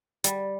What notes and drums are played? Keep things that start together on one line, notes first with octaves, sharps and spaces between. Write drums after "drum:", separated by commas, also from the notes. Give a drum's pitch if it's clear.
G3, drum: hi-hat